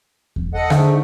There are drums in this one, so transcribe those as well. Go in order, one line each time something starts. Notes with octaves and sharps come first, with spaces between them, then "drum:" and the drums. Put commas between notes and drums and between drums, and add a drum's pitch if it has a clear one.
drum: kick E2
A4 D#5 F#5
G#2 D3 A3, drum: rim click